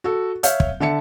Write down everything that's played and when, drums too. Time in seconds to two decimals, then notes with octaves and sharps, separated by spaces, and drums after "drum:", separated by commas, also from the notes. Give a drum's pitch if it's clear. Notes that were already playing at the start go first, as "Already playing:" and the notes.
0.04 F#4 A4
0.43 C#5 E5 F5 F6 G6, drum: hi-hat
0.60 drum: kick
0.80 D3 E5 A5 C#7